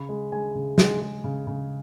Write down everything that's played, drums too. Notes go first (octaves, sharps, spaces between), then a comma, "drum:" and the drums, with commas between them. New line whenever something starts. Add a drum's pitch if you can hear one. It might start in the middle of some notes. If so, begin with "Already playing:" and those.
Already playing: C#3 B5
G#3
G#3 G#5
C#3
G#3, drum: snare
G#3
C#3
C#3